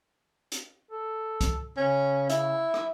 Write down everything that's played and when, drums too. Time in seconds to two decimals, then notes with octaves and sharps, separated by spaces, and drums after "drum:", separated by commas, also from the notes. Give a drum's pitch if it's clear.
0.52 drum: hi-hat
0.91 A4
1.41 drum: kick C2, hi-hat
1.77 C#3 C#4
2.30 E4, drum: hi-hat
2.74 drum: rim click